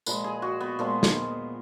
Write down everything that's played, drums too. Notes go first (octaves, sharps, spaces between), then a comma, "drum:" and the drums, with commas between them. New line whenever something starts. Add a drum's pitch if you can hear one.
A#2 F3 G#3 B4, drum: tambourine
G#4
F#4
B3
A#2 F3 G#3 B3
drum: snare